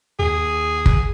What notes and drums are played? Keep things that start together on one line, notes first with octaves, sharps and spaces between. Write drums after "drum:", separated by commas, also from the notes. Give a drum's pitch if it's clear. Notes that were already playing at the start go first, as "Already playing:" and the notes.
D#2 G#4
drum: kick